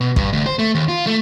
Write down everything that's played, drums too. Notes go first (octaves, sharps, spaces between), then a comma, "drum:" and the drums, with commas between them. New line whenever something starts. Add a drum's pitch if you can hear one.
B2
G2, drum: kick
D2
C5
A3
D#2
F4
A3